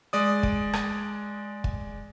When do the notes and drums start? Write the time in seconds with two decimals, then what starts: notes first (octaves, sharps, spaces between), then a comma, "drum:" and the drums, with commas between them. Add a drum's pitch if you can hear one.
0.13 G#3 D5 D#6
0.43 drum: kick
0.73 drum: rim click
1.64 drum: kick